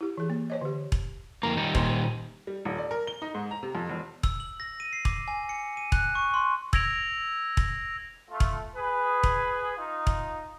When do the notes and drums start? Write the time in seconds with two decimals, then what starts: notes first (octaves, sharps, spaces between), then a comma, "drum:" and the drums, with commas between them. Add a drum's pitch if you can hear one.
0.01 E4 G4
0.18 E3 G#4
0.30 A#3
0.50 C5 C#5 D#5
0.61 D3 G4
0.92 drum: kick E1
1.43 F2 A#3 A#5
1.57 D#3 G3 D#4
1.75 A#2 C5, drum: kick E1
2.47 G3
2.65 D#1
2.78 D5
2.91 A#4
3.07 G7
3.22 D#4
3.34 G#2
3.51 A#5
3.63 C3
3.75 F2
3.89 E1
4.23 E6, drum: kick E1
4.40 F#7
4.60 A#6
4.80 D#7
4.93 C7
5.05 D6, drum: kick E1
5.28 G#5
5.49 C#7
5.77 D#7
5.92 F#6, drum: kick E1
6.15 C#6
6.34 C6
6.73 E6 G#6 A#6 D7 F7, drum: kick E1
7.57 drum: kick E1
8.30 A3 F4
8.40 drum: kick E1
8.76 G#4 B4
9.23 drum: kick E1
9.77 D#4 F4
10.07 drum: kick E1